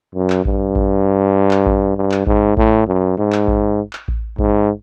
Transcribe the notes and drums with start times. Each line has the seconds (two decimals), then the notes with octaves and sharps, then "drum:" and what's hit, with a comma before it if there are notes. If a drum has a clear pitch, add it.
0.15 F#2
0.30 drum: clap
0.45 G2, drum: kick A1
0.75 drum: kick A1
1.51 drum: clap
1.66 drum: kick A1
1.96 G2
2.12 drum: clap
2.27 G#2, drum: kick A1
2.57 A2, drum: kick A1
2.88 F#2
3.18 G#2
3.33 drum: clap
3.48 drum: kick A1
3.93 drum: clap
4.08 drum: kick A1
4.39 G#2, drum: kick A1